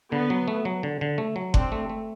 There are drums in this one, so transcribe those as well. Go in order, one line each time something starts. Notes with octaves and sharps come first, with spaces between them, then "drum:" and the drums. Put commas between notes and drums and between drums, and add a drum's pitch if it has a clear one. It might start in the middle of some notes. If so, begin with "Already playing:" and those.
D3 B3
F#3
A3
F#3
D3
D3
A3
F#3
C4 D4, drum: kick F#1
A3
A3